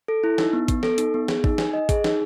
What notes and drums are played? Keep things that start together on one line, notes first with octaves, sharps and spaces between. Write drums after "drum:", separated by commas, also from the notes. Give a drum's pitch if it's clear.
A4
E4
D#4, drum: snare
B3
B3, drum: kick, hi-hat
A4, drum: snare
D#4, drum: hi-hat
B3
G#4, drum: snare
D#4, drum: kick
G#5, drum: snare
D#5
G#4, drum: kick, hi-hat
D#4, drum: snare